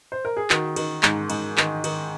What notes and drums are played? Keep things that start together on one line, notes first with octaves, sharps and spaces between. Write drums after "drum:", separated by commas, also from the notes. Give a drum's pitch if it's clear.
C5
A#4
G#4
D#3 F#4, drum: clap
D#3, drum: cymbal
G#2, drum: clap
G#2, drum: cymbal
D#3, drum: clap
D#3, drum: cymbal